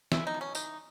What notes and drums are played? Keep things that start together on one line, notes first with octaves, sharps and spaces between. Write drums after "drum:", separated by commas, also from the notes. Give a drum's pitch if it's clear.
G#3 E4, drum: snare
D#4
B2
C#4
E3 D#4, drum: tambourine